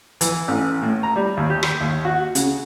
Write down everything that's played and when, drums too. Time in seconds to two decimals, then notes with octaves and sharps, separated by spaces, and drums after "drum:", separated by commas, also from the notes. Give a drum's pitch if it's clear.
0.21 E3, drum: hi-hat
0.48 A1
0.82 A2
1.03 A#5
1.16 G3
1.37 D#2
1.50 G4
1.63 drum: rim click
1.81 D#2
2.05 F#4
2.35 C#3, drum: hi-hat